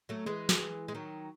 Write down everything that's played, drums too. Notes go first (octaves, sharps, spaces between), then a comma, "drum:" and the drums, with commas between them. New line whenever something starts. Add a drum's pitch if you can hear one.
F#3 A3
E3 G#3
drum: snare
G#3
D#3 F#3